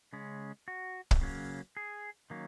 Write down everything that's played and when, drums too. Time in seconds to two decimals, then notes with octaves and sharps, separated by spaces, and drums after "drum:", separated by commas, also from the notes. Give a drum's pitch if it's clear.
0.13 C#3 G#3 C#4
0.68 F#4
1.11 drum: kick
1.21 C#3 F#3 A#3 C#4
1.77 G#4
2.30 D#3 F#3 A#3 C#4